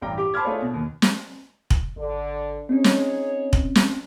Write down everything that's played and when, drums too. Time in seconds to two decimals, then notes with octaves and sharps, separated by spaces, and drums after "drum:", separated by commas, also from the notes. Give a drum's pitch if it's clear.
0.01 A1 G2 G5 A#5
0.18 G4 D6
0.34 C5 A5 B5 D6 F6 G#6
0.45 A3 D4 F4 G#4 A4 C#5
0.62 B2
0.74 D#2
1.02 drum: snare
1.70 drum: kick
1.96 G#1 D3
2.69 C4 C#4 D#4 G#4 C#5
2.84 drum: snare
3.53 drum: kick
3.75 drum: snare